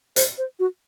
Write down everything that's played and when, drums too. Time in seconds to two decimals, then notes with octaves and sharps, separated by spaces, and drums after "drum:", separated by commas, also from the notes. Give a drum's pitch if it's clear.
0.16 C5, drum: hi-hat
0.38 C5
0.59 F#4